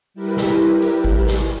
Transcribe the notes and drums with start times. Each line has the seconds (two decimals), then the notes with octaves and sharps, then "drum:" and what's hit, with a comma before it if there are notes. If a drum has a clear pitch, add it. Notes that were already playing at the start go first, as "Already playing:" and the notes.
0.14 G3 E4 G4 A#4 B4
0.37 drum: snare
0.82 drum: hi-hat
1.04 drum: kick G#1
1.27 drum: snare